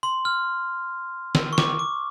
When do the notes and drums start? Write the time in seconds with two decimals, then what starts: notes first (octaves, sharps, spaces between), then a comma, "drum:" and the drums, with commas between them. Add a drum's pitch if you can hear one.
0.03 C6
0.25 F6
1.35 E6, drum: snare
1.53 C#6
1.58 D6, drum: snare
1.79 D6